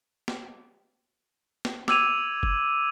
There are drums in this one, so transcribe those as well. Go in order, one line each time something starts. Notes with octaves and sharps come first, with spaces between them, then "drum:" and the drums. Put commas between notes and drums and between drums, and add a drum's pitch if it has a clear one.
drum: snare
drum: snare
D6 E6 G#6 D#7 F7, drum: snare
drum: kick F#1